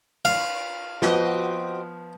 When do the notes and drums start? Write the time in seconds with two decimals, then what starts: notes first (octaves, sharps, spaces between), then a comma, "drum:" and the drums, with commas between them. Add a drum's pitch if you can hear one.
0.25 F5, drum: cymbal
1.02 F3 B3 C4 F#4 D#5, drum: snare